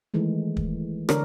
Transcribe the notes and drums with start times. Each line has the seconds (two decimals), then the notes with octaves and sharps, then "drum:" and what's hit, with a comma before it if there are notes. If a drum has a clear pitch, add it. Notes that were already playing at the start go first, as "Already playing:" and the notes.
0.14 D#3 E3 G#3 A3
0.57 drum: kick
1.09 D3 D4 A#4 C#5 D5, drum: rim click